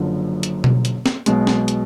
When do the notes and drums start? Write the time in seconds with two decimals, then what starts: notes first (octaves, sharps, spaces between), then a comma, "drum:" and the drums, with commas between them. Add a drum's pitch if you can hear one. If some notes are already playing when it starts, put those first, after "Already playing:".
Already playing: F#1 F#2 D3 F3
0.43 drum: hi-hat
0.64 drum: tom B2
0.85 drum: hi-hat
1.06 drum: snare
1.26 B1 B2 G#3, drum: hi-hat
1.47 drum: snare
1.68 drum: hi-hat